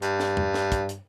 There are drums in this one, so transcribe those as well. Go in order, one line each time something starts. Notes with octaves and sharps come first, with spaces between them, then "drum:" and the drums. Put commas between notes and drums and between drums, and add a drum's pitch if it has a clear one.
G2, drum: hi-hat
drum: snare
drum: tom
drum: snare
drum: kick, hi-hat
drum: hi-hat